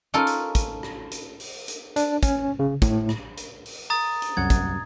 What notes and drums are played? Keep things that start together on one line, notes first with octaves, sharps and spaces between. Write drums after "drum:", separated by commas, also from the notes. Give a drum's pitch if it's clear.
C#4 D#4 F4 A4 A#4
drum: hi-hat
drum: kick, hi-hat
drum: rim click
drum: hi-hat
drum: open hi-hat
drum: hi-hat
D4, drum: hi-hat
C#4, drum: kick, hi-hat
C#3
A2, drum: kick, hi-hat
drum: rim click
drum: hi-hat
drum: open hi-hat
A#5 D#6 A6
drum: hi-hat
C2 F#2 F#5 G#6
drum: kick, hi-hat